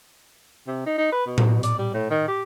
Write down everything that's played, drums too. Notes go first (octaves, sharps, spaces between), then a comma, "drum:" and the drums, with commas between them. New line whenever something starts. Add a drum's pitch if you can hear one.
C3
D#4
D#4
B4
B2
drum: tom A2
D5, drum: hi-hat
G3
A2
D#3
G4